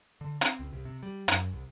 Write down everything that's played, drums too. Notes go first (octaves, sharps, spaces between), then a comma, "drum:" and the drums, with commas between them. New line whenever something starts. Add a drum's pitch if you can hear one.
D3
C4, drum: hi-hat
C#2
C2
C3
G3
F#2, drum: hi-hat
C2